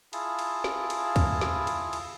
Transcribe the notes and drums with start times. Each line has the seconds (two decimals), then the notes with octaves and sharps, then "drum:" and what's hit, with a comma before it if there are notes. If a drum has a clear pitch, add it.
0.13 E4 F4 G#4 A5, drum: cymbal
0.39 drum: cymbal
0.64 drum: snare
0.90 drum: cymbal
1.16 drum: kick C#2, cymbal
1.41 drum: snare
1.67 drum: cymbal
1.93 drum: cymbal